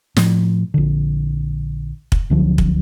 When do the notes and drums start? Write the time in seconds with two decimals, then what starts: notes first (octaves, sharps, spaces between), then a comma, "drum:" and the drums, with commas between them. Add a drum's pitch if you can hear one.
0.17 A2 F3, drum: snare
0.74 A#1 D3
2.12 drum: kick
2.30 C#2 D3 F3 F#3
2.58 drum: kick